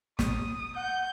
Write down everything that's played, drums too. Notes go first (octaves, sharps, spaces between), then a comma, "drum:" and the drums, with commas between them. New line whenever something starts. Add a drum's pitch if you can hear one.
D#6, drum: snare
F#5 G6